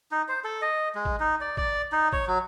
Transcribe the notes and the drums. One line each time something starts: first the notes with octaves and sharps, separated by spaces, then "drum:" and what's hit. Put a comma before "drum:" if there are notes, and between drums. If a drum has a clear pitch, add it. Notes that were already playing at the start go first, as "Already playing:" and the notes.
D#4
C5
A4
D#5
G#3
drum: kick
D#4
D5
D5, drum: kick
D#4
C#5, drum: kick
F#3